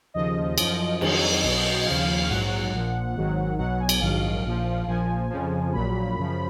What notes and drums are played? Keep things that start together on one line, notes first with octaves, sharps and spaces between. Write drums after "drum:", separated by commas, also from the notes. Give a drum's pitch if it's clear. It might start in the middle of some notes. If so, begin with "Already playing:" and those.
D#2 C#3 F3 D#5
F#2 F3, drum: cymbal
F2 D#3 F#3, drum: cymbal
B1 B2 F#3
D#2 C#3 F3 F5
A#1 G#2 F#3 F#5
A#1 A#2 F3
G#1 G#2 D#3 F#3
B1 B2 F#3 F#5
G#5
drum: cymbal
A#1 G#2 D#3 F#3 F5
A#1 A#2 F3
A#1 A#2 F3 G#5
F2 C#3 F3
A#1 A#2 F#3 B5
F#2 C#3 F3